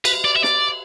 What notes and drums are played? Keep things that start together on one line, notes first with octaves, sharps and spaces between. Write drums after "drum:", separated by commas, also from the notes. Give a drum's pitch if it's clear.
B4, drum: cymbal
D5
E5
D5, drum: snare